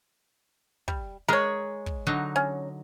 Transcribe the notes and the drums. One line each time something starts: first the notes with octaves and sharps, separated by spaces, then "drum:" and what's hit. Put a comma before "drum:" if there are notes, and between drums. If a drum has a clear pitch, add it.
G3, drum: kick
G#3 G#4 A#4 C#5
drum: kick
D3 F#3 D#4
C#4